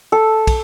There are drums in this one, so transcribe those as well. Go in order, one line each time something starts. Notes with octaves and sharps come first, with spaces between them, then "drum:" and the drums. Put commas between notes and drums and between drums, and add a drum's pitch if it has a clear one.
A4
drum: kick, cymbal